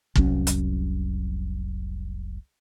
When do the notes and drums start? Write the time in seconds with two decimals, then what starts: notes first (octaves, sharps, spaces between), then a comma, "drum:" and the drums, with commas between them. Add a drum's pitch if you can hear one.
0.16 F1 C2 F#3 C#4, drum: kick
0.47 drum: hi-hat